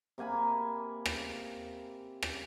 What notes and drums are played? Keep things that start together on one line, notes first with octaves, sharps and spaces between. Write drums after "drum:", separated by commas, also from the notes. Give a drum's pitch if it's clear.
C3 A#3 G#5 B5
drum: rim click
drum: rim click